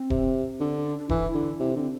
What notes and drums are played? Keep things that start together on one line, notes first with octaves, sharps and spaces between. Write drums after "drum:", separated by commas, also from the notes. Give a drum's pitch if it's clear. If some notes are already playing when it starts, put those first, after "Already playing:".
Already playing: C4
C3, drum: kick E1
D3 D4
D4
D4
E3 E4, drum: kick E1
D3
C3 E4
D3 C4